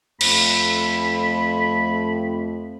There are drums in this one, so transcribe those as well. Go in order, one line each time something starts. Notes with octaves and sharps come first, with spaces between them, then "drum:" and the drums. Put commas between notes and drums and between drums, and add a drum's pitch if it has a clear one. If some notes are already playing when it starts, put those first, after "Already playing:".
F2 A3 C4 B5, drum: cymbal